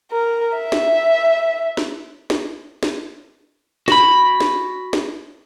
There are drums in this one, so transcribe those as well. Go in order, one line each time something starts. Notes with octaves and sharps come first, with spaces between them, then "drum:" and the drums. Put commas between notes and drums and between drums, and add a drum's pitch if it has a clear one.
A#4
E5
drum: snare
drum: snare
drum: snare
drum: snare
F#4 B5, drum: snare
drum: snare
drum: snare